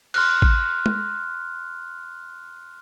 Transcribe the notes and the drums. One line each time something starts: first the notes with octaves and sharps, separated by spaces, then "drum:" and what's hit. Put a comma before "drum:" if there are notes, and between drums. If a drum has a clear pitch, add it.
C6 F6 F#6, drum: cymbal
drum: kick A1
drum: tom G#3